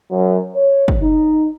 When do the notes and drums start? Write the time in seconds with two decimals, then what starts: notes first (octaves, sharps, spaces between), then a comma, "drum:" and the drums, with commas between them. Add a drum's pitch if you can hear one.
0.11 F#2
0.56 C#5
0.88 drum: kick
1.02 D#4